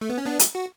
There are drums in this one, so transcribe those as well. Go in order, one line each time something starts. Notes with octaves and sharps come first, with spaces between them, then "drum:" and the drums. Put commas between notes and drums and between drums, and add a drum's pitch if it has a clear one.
A3
B3
C#4
B3 D4
drum: hi-hat
F#4